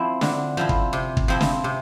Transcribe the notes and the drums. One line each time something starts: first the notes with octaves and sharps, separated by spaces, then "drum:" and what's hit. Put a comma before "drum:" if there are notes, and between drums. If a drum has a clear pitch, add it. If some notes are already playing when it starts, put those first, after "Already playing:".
Already playing: F3 C4 E4
D3, drum: snare
F3 C4 E4
drum: kick
C3
drum: kick
F3 C4 E4
drum: snare
C3